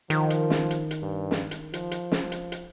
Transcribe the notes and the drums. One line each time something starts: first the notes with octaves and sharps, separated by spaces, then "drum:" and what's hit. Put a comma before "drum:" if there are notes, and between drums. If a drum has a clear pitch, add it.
D#3 F3, drum: hi-hat
drum: hi-hat
drum: snare
drum: hi-hat
drum: hi-hat
G2
drum: snare
drum: hi-hat
F3, drum: hi-hat
drum: hi-hat
drum: snare
drum: hi-hat
drum: hi-hat